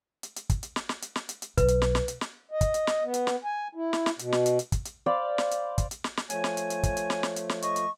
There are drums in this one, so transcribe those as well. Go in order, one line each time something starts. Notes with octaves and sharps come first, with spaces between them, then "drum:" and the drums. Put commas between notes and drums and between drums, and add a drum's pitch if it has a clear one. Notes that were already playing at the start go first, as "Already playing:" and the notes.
drum: hi-hat
drum: hi-hat
drum: kick, hi-hat
drum: hi-hat
drum: snare
drum: snare
drum: hi-hat
drum: snare
drum: hi-hat
drum: hi-hat
B1 B4, drum: kick, hi-hat
drum: hi-hat
drum: snare
drum: snare
drum: hi-hat
drum: snare
D#5
drum: kick, hi-hat
drum: hi-hat
drum: snare
B3
drum: hi-hat
drum: snare
G#5
E4
drum: snare
drum: snare
B2, drum: hi-hat
drum: snare
drum: hi-hat
drum: hi-hat
drum: kick, hi-hat
drum: hi-hat
C5 D5 F5 B5
drum: snare
drum: hi-hat
drum: kick, hi-hat
drum: hi-hat
drum: snare
drum: snare
F3 A3 C#5 G#5, drum: hi-hat
drum: snare
drum: hi-hat
drum: hi-hat
drum: kick, hi-hat
drum: hi-hat
drum: snare
drum: snare
drum: hi-hat
drum: snare
D#5 C#6, drum: hi-hat
drum: hi-hat